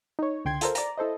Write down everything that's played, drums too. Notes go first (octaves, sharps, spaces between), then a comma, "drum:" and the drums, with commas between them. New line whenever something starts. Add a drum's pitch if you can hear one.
D#4 C#5
C#2 D3 G5 C6 G#6
F4 A4 A#4 C5, drum: hi-hat
D5 A#5, drum: hi-hat
E4 A4 C5 D#5